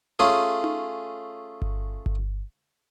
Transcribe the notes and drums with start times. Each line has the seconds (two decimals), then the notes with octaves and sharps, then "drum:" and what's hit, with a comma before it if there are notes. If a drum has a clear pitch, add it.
0.19 A3 C#4 F4 G#4
0.64 drum: tom D#4
1.62 drum: kick G1
2.06 drum: kick G1